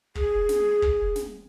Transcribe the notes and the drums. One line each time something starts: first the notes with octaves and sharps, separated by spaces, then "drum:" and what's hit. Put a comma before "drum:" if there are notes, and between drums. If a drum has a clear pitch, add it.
G#4, drum: kick
drum: snare
drum: kick
drum: snare